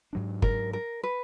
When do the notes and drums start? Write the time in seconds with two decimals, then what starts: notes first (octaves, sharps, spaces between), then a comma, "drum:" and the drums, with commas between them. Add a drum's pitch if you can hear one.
0.13 G#2 F#3 D4
0.42 A#4, drum: kick
0.73 A#4
1.03 B4